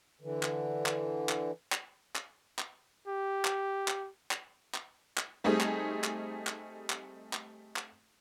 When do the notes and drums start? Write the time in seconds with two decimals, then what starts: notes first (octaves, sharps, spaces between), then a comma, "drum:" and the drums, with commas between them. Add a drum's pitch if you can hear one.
0.21 D3 E3
0.43 drum: clap
0.86 drum: clap
1.29 drum: clap
1.72 drum: clap
2.15 drum: clap
2.59 drum: clap
3.08 G4
3.45 drum: clap
3.88 drum: clap
4.31 drum: clap
4.74 drum: clap
5.17 drum: clap
5.44 G3 A3 C4 D#4 G#4
5.61 drum: clap
6.04 drum: clap
6.47 drum: clap
6.90 drum: clap
7.33 drum: clap
7.76 drum: clap